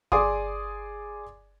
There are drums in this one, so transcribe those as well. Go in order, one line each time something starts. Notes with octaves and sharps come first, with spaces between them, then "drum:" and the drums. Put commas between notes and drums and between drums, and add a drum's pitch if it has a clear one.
G#4 D5 G#5 C6 D6 D#6, drum: kick G1